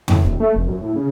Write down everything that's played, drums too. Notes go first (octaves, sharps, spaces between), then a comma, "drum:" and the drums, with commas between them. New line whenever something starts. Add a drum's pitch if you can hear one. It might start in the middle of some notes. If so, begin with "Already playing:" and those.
A2, drum: tom F2
D#1
A3
F1
F#2
A2
C#3